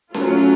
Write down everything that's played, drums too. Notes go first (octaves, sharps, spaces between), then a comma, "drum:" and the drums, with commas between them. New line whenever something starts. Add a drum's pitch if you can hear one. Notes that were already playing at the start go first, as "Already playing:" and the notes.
F#3 A3 C#4 F4, drum: snare C#4